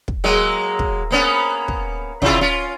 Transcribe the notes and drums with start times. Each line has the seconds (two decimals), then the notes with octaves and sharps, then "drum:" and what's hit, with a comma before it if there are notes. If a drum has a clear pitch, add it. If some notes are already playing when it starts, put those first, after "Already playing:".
0.08 drum: kick
0.24 F#3 G#3 A#3
0.79 drum: kick
1.11 A#3 B3 C#4
1.68 drum: kick
2.22 C3 E4 F4, drum: kick
2.41 C#4 F4